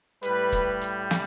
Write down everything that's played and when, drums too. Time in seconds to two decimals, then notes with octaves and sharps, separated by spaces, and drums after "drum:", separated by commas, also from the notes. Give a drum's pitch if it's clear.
0.23 A2 G3 B4, drum: hi-hat
0.52 drum: kick, hi-hat
0.82 drum: hi-hat
1.11 drum: snare